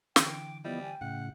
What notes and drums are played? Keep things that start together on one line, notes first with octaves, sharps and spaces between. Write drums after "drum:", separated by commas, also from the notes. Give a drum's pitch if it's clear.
D3 E3 G5 D6, drum: snare
F3 G3 B3 E4 D#5
G5 G#5
A2 C#3 F#5